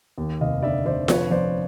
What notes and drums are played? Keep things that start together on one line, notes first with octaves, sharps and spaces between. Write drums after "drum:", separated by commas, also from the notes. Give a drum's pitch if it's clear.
D#2
F1 D#5 F5
D3 D5 E5
F1 C5 D5
F2 B4 C#5, drum: snare F4
F3 C5 D5